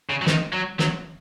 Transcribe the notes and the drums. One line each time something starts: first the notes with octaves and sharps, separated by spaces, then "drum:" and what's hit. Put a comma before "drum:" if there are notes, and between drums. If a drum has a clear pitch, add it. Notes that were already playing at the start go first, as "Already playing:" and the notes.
C#3
F#3
D#3, drum: snare
F#3
F#3, drum: snare